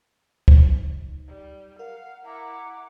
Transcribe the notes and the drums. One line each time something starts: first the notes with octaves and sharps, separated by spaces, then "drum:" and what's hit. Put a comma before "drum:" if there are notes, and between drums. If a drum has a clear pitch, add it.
F#3 D#4, drum: kick
G3
A#4 F5 F#5
E4 F#5 A#5 D6